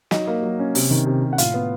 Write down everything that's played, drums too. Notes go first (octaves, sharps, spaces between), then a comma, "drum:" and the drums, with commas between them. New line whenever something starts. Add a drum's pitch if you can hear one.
F#3 D#4 D#5, drum: snare
A#3
F#3
C#4
C3, drum: open hi-hat
D#3
C3
C3
F#5
A2 F4 F5, drum: hi-hat
B3